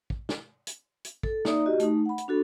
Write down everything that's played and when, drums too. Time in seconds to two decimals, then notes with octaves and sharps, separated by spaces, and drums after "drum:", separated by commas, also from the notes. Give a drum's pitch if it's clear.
0.10 drum: kick
0.29 drum: snare
0.67 drum: hi-hat
1.05 drum: hi-hat
1.23 A4, drum: kick
1.45 A#3 D#4 D5 E5 A#5 D#6, drum: snare
1.66 F#4 G4 D#5
1.80 A3 D#4, drum: hi-hat
2.06 F#5 B5
2.18 drum: hi-hat
2.28 D4 F#4 A4